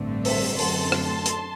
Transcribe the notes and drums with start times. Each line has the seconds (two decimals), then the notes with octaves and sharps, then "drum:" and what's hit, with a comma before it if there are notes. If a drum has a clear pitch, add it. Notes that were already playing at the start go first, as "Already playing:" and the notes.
Already playing: A1 G2 D3 A3 C4
0.25 C5 E5, drum: open hi-hat
0.59 F#2 D3 A3 C4 A5 C6, drum: open hi-hat
0.92 drum: rim click
1.26 drum: hi-hat